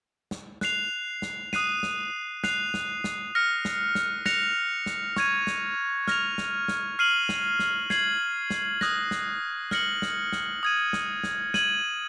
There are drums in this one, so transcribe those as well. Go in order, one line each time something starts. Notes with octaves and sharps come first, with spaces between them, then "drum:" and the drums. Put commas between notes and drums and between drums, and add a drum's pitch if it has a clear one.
drum: snare
F#6 C7 F7, drum: snare
drum: snare
D#6 F#6 C7 D#7, drum: snare
drum: snare
F#6 C7 F7, drum: snare
drum: snare
drum: snare
F6 A#6 C#7
drum: snare
drum: snare
F#6 A#6 C#7 F7, drum: snare
drum: snare
C#6 G#6 D#7, drum: snare
drum: snare
F6 A#6 F7, drum: snare
drum: snare
drum: snare
F6 C7 D#7 F#7
drum: snare
drum: snare
G#6 C7 F#7, drum: snare
drum: snare
D#6 F#6 A#6, drum: snare
drum: snare
F6 A#6 C#7 F#7, drum: snare
drum: snare
drum: snare
D#6 G#6 D#7
drum: snare
drum: snare
G#6 D#7 F#7, drum: snare